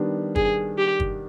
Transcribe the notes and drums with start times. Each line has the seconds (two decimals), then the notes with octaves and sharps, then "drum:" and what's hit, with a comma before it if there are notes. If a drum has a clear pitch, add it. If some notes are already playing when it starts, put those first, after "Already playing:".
Already playing: D#3 G3 B3 D4
0.36 G#4, drum: kick
0.78 G4
1.00 drum: kick